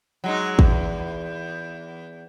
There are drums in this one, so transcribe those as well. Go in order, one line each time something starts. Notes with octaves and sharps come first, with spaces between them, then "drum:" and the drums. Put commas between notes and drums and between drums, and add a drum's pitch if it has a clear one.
F#3 G#3 D#4
E2, drum: kick